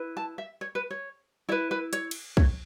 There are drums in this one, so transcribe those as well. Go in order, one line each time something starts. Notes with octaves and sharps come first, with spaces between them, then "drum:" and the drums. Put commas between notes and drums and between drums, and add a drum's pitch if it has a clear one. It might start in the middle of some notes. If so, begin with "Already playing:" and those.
Already playing: E4 B4
A5
E5
C#5
B4
C#5
E4 B4 C#5
B4
C#5, drum: hi-hat
drum: cymbal
C#5, drum: kick